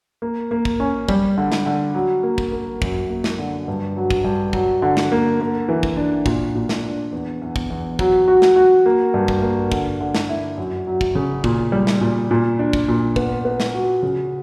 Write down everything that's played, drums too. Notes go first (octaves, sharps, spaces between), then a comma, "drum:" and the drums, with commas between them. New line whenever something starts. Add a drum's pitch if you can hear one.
A#3
A#3
drum: kick
C#4
G3, drum: kick
D3
drum: snare
D3
F#3
A#3
drum: kick
A#3
F#2, drum: kick
A#3
drum: snare
D3
G2
F#3
drum: kick
G2
F#3, drum: kick
D3
drum: snare
A#3
A#3
E3
drum: kick
D4
A#2, drum: kick
A#2
drum: snare
D4
E2
E2
drum: kick
E2
F#3, drum: kick
F#4
drum: snare
F#4
A#3
G2
drum: kick
A#3
D3, drum: kick
D3
drum: snare
E4
F#2
F#3
drum: kick
C#3
A#2, drum: kick
G3
drum: snare
A#2
A#2
D4
drum: kick
A#2
B3, drum: kick
B3
drum: snare
F#4
C#3